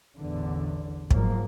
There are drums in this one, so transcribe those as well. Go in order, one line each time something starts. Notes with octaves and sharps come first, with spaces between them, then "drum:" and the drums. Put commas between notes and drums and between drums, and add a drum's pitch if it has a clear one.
A1 E2 D3
G#2 F3 F#3 A#3, drum: kick